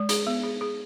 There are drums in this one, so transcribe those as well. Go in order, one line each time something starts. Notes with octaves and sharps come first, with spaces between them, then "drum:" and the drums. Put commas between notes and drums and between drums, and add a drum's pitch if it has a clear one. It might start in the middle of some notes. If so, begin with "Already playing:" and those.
Already playing: G#3
G#4, drum: hi-hat
B3
G#4
G#4